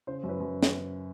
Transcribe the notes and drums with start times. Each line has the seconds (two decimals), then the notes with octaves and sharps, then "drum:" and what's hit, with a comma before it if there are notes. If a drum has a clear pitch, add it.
0.07 C#3 C5
0.23 F#2
0.29 B4
0.40 F#2
0.63 drum: snare